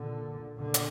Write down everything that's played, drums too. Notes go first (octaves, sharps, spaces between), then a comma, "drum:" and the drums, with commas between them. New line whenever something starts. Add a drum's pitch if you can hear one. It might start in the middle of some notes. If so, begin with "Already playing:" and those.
Already playing: A#2 D3
A#2 D3
drum: hi-hat